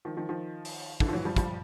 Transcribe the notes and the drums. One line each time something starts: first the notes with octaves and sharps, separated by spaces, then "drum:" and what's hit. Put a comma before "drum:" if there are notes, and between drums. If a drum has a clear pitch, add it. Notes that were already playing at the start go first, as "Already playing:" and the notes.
D#3 F3
D#3 F3
D#3 F3
drum: open hi-hat
D3 E3, drum: kick
F3
E3 F#3
F3 G3
F3 G3, drum: kick, hi-hat